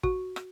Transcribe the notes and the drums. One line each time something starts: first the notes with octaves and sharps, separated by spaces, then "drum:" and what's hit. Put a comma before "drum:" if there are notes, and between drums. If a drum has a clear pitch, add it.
F#4, drum: kick
drum: rim click